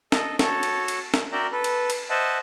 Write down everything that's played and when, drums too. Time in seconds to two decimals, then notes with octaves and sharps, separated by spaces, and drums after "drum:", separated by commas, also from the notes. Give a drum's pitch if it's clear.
0.12 A4 D#5, drum: snare
0.39 F#4 A4 C#5 A5, drum: snare
0.63 drum: cymbal
0.88 drum: cymbal
1.14 drum: snare
1.32 F#4 A#4 D5 E5 G5 A#5
1.52 A4 B4
1.64 drum: cymbal
1.90 drum: cymbal
2.10 C5 D#5 E5 F#5 A5